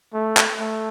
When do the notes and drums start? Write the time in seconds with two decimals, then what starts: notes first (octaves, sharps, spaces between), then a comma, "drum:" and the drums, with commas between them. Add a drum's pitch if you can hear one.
0.14 A3
0.37 drum: clap
0.60 A3